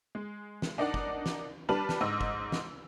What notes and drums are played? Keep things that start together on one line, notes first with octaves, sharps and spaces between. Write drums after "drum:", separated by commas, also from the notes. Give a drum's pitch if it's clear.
G#3
drum: snare
D4 D#4 A#4 D5 F#5
drum: kick
drum: snare
G3 D4 B4 A5 F6 F#7
drum: snare
G#2 D#5 E6
drum: kick
drum: snare